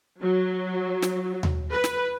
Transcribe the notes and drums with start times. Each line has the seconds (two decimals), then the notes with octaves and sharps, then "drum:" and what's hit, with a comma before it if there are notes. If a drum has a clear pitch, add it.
0.21 F#3
1.02 drum: snare
1.43 drum: tom D#2
1.72 B4
1.84 drum: snare